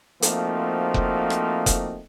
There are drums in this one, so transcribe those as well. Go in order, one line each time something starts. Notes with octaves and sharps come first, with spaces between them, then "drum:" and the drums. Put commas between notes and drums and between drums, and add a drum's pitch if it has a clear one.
F3 A3 A#3 C4 D#4 F#4, drum: hi-hat
drum: kick F1
drum: rim click
drum: kick F1, hi-hat